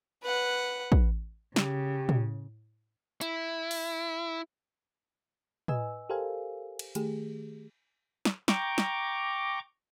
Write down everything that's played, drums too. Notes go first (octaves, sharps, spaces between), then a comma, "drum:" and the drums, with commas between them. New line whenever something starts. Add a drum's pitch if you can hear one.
B4 F#5
drum: kick
C#3 G4, drum: snare
drum: tom
E4, drum: hi-hat
drum: open hi-hat
B4 D#5 G#5 E6, drum: tom
G4 A4 A#4 C5 F5 G#5
drum: cymbal
D#3 A3 G4 G#4, drum: hi-hat
drum: snare
G5 A#5 C#6 D6 G6, drum: snare
drum: snare